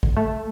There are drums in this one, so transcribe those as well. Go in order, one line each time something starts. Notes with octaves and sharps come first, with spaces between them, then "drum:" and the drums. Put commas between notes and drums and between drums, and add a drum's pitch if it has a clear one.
drum: kick A1
A3